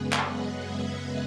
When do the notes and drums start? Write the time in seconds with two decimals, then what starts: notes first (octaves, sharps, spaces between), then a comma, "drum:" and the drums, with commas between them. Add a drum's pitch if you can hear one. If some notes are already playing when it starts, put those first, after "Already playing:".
Already playing: F#2 C#3 G#3 B3 G#4 B4
0.13 drum: clap
0.25 D#5 F#5
0.61 E5 G#5